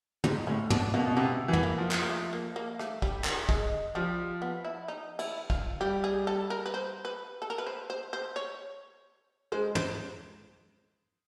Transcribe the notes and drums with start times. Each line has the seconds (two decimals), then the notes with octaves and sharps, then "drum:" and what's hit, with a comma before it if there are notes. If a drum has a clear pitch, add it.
0.24 G#2 G3, drum: tom
0.47 A2 C#4
0.70 B2 D4, drum: tom
0.94 B2 A#3
1.07 B2
1.17 C3 B3
1.48 E3
1.53 B3, drum: tom
1.63 A#3
1.78 F3
1.91 drum: clap
2.02 A#3
2.09 A3
2.33 A#3
2.56 A#3
2.79 A3, drum: rim click
3.02 G3, drum: kick
3.24 drum: clap
3.49 G#3, drum: kick
3.95 F3 G3
4.42 B3
4.65 E4
4.88 D#4
5.19 E4, drum: cymbal
5.50 F4, drum: kick
5.80 G3 G4
6.04 G#4
6.27 A4
6.50 A#4
6.66 B4
6.74 C5
7.05 B4
7.42 A4
7.50 A#4
7.58 B4
7.67 C5
7.90 C5
8.13 C5
8.36 C#5
9.52 G#3 C5
9.75 C5, drum: tom